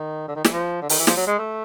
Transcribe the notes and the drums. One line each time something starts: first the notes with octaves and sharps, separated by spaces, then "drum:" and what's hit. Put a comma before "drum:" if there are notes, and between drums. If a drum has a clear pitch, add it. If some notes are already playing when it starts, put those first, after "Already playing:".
Already playing: D#3
D3
D#3
E3, drum: snare
F3
D3
D#3, drum: open hi-hat
E3
F3, drum: snare
F#3
G#3
A3